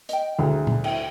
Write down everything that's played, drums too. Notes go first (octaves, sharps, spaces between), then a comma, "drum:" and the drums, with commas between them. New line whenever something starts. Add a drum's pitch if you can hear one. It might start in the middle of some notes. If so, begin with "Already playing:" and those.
D#5 G5, drum: hi-hat
D2 E4 G#4 A#5
drum: tom
E4 C#5 G5, drum: cymbal